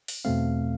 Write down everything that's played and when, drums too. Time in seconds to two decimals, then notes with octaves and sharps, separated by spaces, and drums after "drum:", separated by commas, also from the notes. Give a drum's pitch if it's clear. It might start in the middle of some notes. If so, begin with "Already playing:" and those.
0.08 drum: open hi-hat
0.25 E2 B2 A3 C4 F5